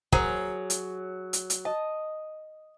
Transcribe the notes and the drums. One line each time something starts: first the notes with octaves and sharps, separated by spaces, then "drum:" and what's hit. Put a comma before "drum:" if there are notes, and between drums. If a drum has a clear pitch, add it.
F#3 G#4 A#4 C5, drum: kick
drum: hi-hat
drum: hi-hat
drum: hi-hat
D#5 A5